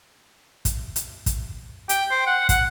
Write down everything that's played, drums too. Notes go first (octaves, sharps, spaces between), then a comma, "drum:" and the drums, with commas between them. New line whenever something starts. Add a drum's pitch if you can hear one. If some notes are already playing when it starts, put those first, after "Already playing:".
drum: kick, hi-hat
drum: hi-hat
drum: kick, hi-hat
G5, drum: hi-hat
C5
F#5
F#5, drum: kick, hi-hat